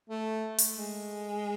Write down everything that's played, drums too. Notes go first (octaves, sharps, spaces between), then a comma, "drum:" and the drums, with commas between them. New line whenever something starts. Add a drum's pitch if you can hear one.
A3
drum: open hi-hat
G#3